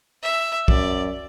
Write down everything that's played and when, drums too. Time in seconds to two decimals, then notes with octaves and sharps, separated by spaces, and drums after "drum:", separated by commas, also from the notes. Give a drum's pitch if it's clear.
0.23 E5
0.68 F#2 D5, drum: kick